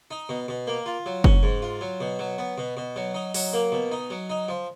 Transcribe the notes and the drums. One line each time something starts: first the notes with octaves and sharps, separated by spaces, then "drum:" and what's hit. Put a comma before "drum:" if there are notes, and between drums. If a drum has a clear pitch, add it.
D#4
B2
B2
A#3
F4
F#3
C#4, drum: kick F#1
G#2
F4
F#3
B2
F#3
B3
B2
B2
F#3
D#4
F#3, drum: open hi-hat
A#3
B2
D#4
F#3
D#4
F3